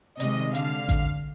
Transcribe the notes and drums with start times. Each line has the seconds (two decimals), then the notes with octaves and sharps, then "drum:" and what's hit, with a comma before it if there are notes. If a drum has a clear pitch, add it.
0.20 C3 D#3 G#3 D#5, drum: hi-hat
0.54 D3 F5, drum: hi-hat
0.89 drum: kick A1, hi-hat